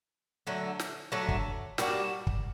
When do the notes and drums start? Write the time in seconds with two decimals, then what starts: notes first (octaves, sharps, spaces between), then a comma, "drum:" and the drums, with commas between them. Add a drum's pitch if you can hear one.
0.47 D3 F#3 A3
0.79 drum: snare
1.12 D3 F#3 A3
1.29 drum: kick
1.78 G3 A#3 D4 F#4, drum: snare
2.27 drum: kick